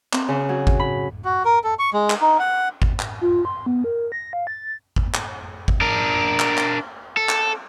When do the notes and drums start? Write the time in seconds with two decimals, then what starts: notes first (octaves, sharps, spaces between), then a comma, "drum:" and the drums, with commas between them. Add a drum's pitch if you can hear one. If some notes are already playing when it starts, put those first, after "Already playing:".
0.13 C4, drum: clap
0.29 C#3
0.49 F#3
0.67 drum: kick G#1
0.80 B5
1.25 F#4
1.45 A#4
1.64 A4
1.79 C#6
1.93 G#3
2.10 drum: clap
2.21 D#4
2.39 F#5
2.82 drum: kick G#1
3.00 drum: clap
3.21 F4
3.45 C6
3.66 B3
3.84 A#4
4.12 A#6
4.33 F5
4.47 A6
4.96 drum: kick G#1
5.14 drum: clap
5.68 drum: kick G#1
5.81 D4 A#4
6.40 drum: clap
6.57 drum: clap
7.17 A4
7.29 drum: clap